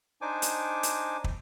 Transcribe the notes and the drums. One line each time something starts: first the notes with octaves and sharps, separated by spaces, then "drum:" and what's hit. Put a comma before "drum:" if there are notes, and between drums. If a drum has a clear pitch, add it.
D4 D#4 C5 G#5 D6
drum: hi-hat
drum: hi-hat
drum: kick